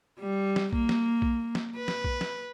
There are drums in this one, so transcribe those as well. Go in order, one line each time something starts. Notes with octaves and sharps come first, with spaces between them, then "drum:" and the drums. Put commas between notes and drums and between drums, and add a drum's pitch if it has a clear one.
G3
drum: snare
A#3, drum: kick B1
drum: snare
drum: kick B1
drum: snare
B4
drum: snare
drum: kick B1
drum: snare